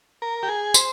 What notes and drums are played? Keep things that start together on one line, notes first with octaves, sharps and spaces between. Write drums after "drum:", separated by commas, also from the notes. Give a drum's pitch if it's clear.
A#4
G4
G#4
C5, drum: tambourine